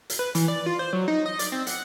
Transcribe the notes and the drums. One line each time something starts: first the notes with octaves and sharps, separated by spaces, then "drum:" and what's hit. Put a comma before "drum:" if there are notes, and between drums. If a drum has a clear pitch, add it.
drum: hi-hat
B4
E3, drum: hi-hat
D5
F4
C5
F#3
D#4
D#5
D5, drum: hi-hat
C4
F#5, drum: hi-hat